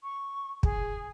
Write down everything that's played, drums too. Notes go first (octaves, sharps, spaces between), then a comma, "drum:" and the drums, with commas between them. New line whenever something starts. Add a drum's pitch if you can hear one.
C#6
G#4, drum: kick